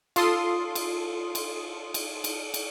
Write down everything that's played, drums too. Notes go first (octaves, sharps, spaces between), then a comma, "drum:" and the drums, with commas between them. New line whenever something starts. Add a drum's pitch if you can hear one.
F4 A4 C6 D#6, drum: cymbal
drum: cymbal
drum: cymbal
drum: cymbal
drum: cymbal
drum: cymbal